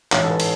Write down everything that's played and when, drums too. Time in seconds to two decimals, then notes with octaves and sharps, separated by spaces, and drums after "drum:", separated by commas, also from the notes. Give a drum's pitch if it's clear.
0.12 A1 G#2 C#5, drum: clap
0.23 A4
0.31 B4
0.40 drum: cymbal